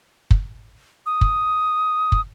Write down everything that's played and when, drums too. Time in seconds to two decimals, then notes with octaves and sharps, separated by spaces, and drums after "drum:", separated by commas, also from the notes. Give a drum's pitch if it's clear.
0.31 drum: kick
1.06 D#6
1.21 drum: kick
2.12 drum: kick